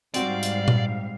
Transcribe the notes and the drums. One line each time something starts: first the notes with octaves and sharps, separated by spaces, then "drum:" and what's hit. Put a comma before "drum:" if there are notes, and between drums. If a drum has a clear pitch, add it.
G#2 G3 C4 F#4 D5 F5, drum: hi-hat
drum: hi-hat
drum: tom A#2